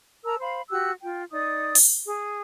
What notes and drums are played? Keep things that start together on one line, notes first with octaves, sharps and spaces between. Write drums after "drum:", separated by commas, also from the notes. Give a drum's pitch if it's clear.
A#4 A5 A#5 E6
C5 F5 B5
F#4 G4 E6 F#6
F4 G5
D#4 D5 D#6
drum: open hi-hat
G#4